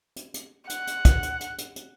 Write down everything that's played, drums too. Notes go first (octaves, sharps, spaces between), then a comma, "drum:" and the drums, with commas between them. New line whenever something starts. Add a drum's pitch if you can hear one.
drum: hi-hat
drum: hi-hat
F#5, drum: hi-hat
drum: hi-hat
drum: kick, hi-hat
drum: hi-hat
drum: hi-hat
drum: hi-hat
drum: hi-hat